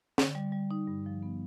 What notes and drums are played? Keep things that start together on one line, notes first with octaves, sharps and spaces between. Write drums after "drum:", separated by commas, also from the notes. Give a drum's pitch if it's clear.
D3, drum: snare
G3
G3
D#4
G2
F3
B3